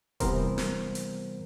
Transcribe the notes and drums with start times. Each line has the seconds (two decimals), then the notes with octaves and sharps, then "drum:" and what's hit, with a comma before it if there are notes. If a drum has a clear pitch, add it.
0.20 C3 E3 G3 B3 A#4 C5, drum: kick D#1, hi-hat
0.58 drum: snare
0.95 drum: hi-hat